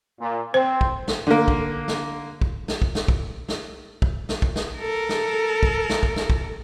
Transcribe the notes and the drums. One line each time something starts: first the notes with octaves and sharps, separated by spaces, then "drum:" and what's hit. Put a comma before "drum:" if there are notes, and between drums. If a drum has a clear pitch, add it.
A#2
C4 C5
drum: kick
drum: snare
D3 A#3
drum: kick
drum: snare
drum: kick
drum: snare
drum: kick
drum: snare
drum: kick
drum: snare
drum: kick
drum: snare
drum: kick
drum: snare
A4 A#4
drum: snare
drum: kick
drum: snare
drum: kick
drum: snare
drum: kick